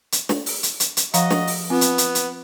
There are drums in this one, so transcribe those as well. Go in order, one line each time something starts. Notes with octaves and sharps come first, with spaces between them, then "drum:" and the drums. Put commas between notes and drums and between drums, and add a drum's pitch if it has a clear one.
drum: hi-hat
drum: snare
drum: open hi-hat
drum: hi-hat
drum: hi-hat
drum: hi-hat
F3 F#4 D#5 F5 A#5, drum: hi-hat
drum: snare
drum: open hi-hat
B3 C4 F4
drum: hi-hat
drum: hi-hat
drum: hi-hat